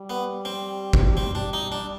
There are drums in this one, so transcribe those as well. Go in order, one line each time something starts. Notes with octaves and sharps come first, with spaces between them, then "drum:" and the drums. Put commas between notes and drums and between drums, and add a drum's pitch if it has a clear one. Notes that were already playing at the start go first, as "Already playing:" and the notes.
Already playing: G3
B3
C4
drum: kick G1
C4
D4
D#4
D4